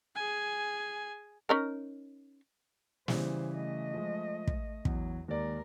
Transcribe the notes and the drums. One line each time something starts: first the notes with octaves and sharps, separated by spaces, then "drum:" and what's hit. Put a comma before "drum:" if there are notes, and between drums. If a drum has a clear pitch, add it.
G#4 G#5
C#4 D#4 A#4
C#3 E3 G3 C5, drum: snare
A3 D#5
F3 G#3
drum: kick
E2 F#3, drum: kick
D#2 G#3 A#4 D5